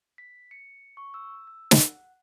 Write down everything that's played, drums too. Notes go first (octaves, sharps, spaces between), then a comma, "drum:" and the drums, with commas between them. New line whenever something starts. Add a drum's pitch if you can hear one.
B6
C#7
C#6
E6
E6
F#5, drum: snare